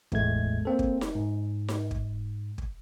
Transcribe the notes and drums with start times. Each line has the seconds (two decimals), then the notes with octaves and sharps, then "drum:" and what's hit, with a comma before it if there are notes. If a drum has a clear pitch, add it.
0.12 A1 E2 A2 G#3 A3 G#6, drum: kick
0.65 A#3 C4 A4
0.79 drum: kick
1.01 drum: snare D#4
1.15 G#2
1.68 drum: snare D#4
1.91 drum: kick
2.58 drum: kick